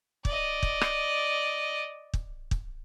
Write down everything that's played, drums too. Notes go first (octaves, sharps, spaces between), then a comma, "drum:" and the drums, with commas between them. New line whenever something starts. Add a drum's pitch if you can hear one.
D5 D#5, drum: kick
drum: kick
drum: rim click
drum: kick
drum: kick